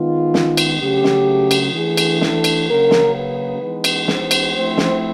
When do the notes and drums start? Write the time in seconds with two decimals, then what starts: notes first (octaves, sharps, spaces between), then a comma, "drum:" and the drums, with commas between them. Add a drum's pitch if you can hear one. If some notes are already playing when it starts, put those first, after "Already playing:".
Already playing: D#3 G#3 B3 F4
0.34 drum: snare
0.57 drum: cymbal
0.80 C#3 F#3 A3 G4
1.04 drum: snare
1.51 drum: cymbal
1.74 E3 A3 D4 G#4
1.97 drum: cymbal
2.21 A4, drum: snare
2.44 drum: cymbal
2.67 C#3 F#3 A#3 A#4
2.91 drum: snare
3.14 B4
3.61 E3 G#3 B3 D#4
3.84 drum: cymbal
4.08 C5, drum: snare
4.31 drum: cymbal
4.54 F3 A3 C4 E4 C5
4.78 drum: snare